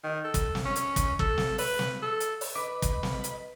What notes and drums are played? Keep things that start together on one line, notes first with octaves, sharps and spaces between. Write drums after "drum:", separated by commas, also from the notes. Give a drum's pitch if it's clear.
D#3
A4
drum: kick, hi-hat
drum: snare
C#4
drum: hi-hat
drum: kick, hi-hat
A4, drum: kick
drum: snare
B4, drum: open hi-hat
drum: snare
A4
drum: hi-hat
drum: open hi-hat
B4 D#5 B5 D6
drum: kick, hi-hat
drum: snare
drum: hi-hat